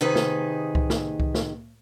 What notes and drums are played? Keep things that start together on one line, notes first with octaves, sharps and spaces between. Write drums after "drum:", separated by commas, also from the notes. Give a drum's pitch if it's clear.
C3 D#3 D#4 G#4 B4
drum: snare
drum: kick C2
drum: snare
drum: kick C2
drum: snare